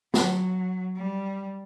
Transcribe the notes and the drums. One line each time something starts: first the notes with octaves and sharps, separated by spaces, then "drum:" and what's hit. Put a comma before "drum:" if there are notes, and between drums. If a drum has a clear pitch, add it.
F#3, drum: snare
G3